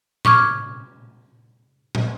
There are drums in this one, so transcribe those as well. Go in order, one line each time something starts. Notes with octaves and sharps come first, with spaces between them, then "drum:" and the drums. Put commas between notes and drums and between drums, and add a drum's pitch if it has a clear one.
C#6 D6 F6 G#6, drum: tom A2
drum: tom A2